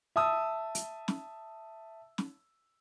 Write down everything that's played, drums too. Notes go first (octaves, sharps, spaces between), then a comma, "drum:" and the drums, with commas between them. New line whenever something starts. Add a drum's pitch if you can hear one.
E5 A5 D#6 E6
drum: hi-hat
drum: snare
drum: snare